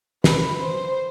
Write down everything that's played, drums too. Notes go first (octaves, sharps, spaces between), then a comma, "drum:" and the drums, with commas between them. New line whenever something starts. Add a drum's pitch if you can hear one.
B4, drum: snare
C5